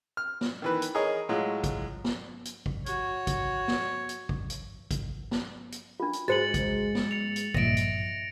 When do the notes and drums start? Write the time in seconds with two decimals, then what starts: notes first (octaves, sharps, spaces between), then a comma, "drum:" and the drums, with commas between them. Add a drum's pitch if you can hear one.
0.17 F6
0.41 drum: snare
0.62 D#3 E3 B4
0.82 drum: hi-hat
0.95 G#4 A#4 C#5 D#5
1.29 A2 F#3 G#3 F4
1.64 drum: kick G#1, hi-hat
2.04 drum: snare
2.45 drum: hi-hat
2.66 drum: kick G#1
2.86 F#4 C#5, drum: hi-hat
3.27 drum: kick G#1, hi-hat
3.68 drum: snare
4.09 drum: hi-hat
4.29 drum: kick G#1
4.50 drum: hi-hat
4.91 drum: kick G#1, hi-hat
5.31 drum: snare
5.72 drum: hi-hat
6.00 D4 F4
6.13 drum: hi-hat
6.28 G#2 G#3 F#4 G#4 C5 A6 C#7 F#7
6.54 drum: kick G#1, hi-hat
6.95 drum: snare
7.11 C#7 F7
7.36 drum: hi-hat
7.54 G2 A#2 F3 D#5 E5 A#6 D7, drum: kick G#1
7.77 drum: hi-hat